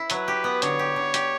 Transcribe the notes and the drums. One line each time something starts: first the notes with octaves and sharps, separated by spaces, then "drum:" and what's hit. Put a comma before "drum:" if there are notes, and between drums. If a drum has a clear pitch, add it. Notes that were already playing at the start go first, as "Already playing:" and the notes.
Already playing: E4
F#3 B4, drum: hi-hat
G4
B3
D3 C#5, drum: hi-hat
G4
D3
G4, drum: hi-hat